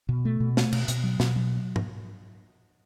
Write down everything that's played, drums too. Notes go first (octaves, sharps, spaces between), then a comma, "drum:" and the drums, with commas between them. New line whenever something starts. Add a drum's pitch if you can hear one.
B2
A3
B2
A3, drum: snare
B2, drum: cymbal
B2, drum: hi-hat
F#3
B2, drum: snare
F#3
drum: tom